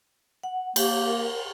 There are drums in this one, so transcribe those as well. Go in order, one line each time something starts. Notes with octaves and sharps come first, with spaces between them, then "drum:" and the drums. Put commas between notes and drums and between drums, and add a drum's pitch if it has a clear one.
F#5
A#3 G4, drum: cymbal
A#4